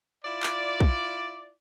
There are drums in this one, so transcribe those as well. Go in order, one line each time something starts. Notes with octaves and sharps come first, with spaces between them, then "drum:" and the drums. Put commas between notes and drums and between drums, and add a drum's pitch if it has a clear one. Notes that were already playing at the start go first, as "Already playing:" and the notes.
E4 F4 D5
drum: clap
drum: kick